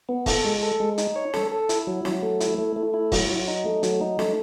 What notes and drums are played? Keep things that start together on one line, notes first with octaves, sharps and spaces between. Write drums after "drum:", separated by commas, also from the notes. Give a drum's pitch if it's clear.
B3
A4, drum: kick, open hi-hat
G#3
A4
G#3
D#4, drum: hi-hat
C#5
A4, drum: snare
A4
E4, drum: hi-hat
F#3
F#3, drum: snare
A3
E4, drum: hi-hat
A3
A3
E4
F#3, drum: kick, open hi-hat
F#3
D#4
A3
F#3, drum: hi-hat
D#4
A3, drum: snare